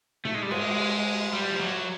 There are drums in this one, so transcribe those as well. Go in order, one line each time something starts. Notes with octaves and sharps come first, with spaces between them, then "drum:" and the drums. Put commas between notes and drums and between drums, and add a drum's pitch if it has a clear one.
A3, drum: tom G#2
G#3
G3
G#3, drum: cymbal
G3
F3
F#3